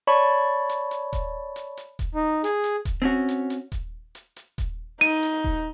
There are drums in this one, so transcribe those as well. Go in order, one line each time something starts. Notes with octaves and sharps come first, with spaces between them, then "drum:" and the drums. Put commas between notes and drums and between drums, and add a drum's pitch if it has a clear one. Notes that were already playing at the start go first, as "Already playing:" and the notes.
C#5 D5 A5 B5 C#6
drum: hi-hat
drum: hi-hat
drum: kick D#1, hi-hat
drum: hi-hat
drum: hi-hat
drum: kick D#1, hi-hat
D#4
G#4, drum: hi-hat
drum: hi-hat
drum: kick D#1, hi-hat
C4 C#4 F#4
drum: hi-hat
drum: hi-hat
drum: kick D#1, hi-hat
drum: hi-hat
drum: hi-hat
drum: kick D#1, hi-hat
D#4 D#7, drum: hi-hat
drum: hi-hat
drum: kick D#1